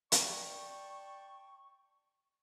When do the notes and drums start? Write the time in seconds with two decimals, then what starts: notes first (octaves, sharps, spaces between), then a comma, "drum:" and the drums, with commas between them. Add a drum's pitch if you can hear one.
0.12 D5 G5 A5 C#6, drum: hi-hat